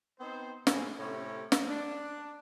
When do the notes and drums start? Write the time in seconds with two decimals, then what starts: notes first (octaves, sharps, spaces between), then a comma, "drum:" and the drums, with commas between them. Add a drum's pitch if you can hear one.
0.20 B3 C4 D#4 C5
0.67 A2 C3 G3 C4 G#4 G#5, drum: snare
0.99 A2 C3 A3 C#4 G4 C#5
1.52 drum: snare
1.68 D4